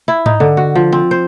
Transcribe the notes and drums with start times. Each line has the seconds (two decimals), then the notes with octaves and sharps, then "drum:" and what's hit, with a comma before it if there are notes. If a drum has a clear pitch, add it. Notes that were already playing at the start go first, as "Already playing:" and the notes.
0.08 E4
0.26 D#4, drum: tom G#2
0.40 D3
0.57 F#4
0.75 F3
0.93 C4
1.11 C5